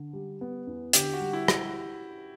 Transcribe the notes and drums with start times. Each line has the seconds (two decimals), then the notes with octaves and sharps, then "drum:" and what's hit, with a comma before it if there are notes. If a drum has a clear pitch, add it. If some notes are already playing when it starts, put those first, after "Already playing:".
Already playing: D3
0.13 G3
0.41 B3
0.67 E2
0.93 D3 G4, drum: hi-hat
1.13 F#4
1.20 G3
1.33 E4
1.48 drum: rim click